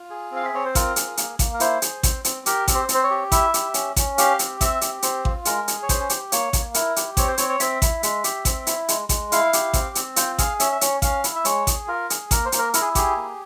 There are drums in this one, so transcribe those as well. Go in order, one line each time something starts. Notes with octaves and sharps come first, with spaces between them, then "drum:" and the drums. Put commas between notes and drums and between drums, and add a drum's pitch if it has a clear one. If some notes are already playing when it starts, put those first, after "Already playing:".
Already playing: F4
G#4
C4 F5
E5
C4 C#5
C5
F4 A#4, drum: kick A1, hi-hat
G#4, drum: hi-hat
A#3, drum: hi-hat
A#3, drum: kick A1, hi-hat
A#4
E4 C5, drum: hi-hat
G#4, drum: hi-hat
C4, drum: kick A1, hi-hat
C4, drum: hi-hat
G4 A#4, drum: hi-hat
C4, drum: kick A1, hi-hat
C5
C4, drum: hi-hat
C5
C#5
G4
E4 E5, drum: kick A1, hi-hat
G4, drum: hi-hat
C#4, drum: hi-hat
C#4, drum: kick A1, hi-hat
G4 F5, drum: hi-hat
C4, drum: hi-hat
C4 E5, drum: kick A1, hi-hat
G4, drum: hi-hat
C4 C5, drum: hi-hat
F4, drum: kick A1
G#3 A#4, drum: hi-hat
G#4, drum: hi-hat
C#5
C#4 C5, drum: kick A1, hi-hat
G4, drum: hi-hat
A#3 C#5, drum: hi-hat
A#3, drum: kick A1, hi-hat
E4 A#4, drum: hi-hat
G4, drum: hi-hat
C4 C#5, drum: kick A1, hi-hat
C5
C4 C#5, drum: hi-hat
C#5
C4 E5, drum: hi-hat
E4, drum: kick A1, hi-hat
G#3, drum: hi-hat
G4, drum: hi-hat
C4, drum: kick A1, hi-hat
E4, drum: hi-hat
G#3, drum: hi-hat
G#3, drum: kick A1, hi-hat
E4 F5, drum: hi-hat
G4, drum: hi-hat
C4, drum: kick A1, hi-hat
C4, drum: hi-hat
F4 G5, drum: hi-hat
G#4 F5, drum: kick A1, hi-hat
C#4 E5, drum: hi-hat
E5
C#4 C#5, drum: hi-hat
C#4 F5, drum: kick A1, hi-hat
E4, drum: hi-hat
E5
G#3 C#5, drum: hi-hat
G#4, drum: kick A1, hi-hat
F4 A#4
G#4, drum: hi-hat
A#3 A#4, drum: kick A1, hi-hat
C5
A#3, drum: hi-hat
A#4
E4 A#4, drum: hi-hat
G#4
G4 G#4, drum: kick A1, hi-hat
A#3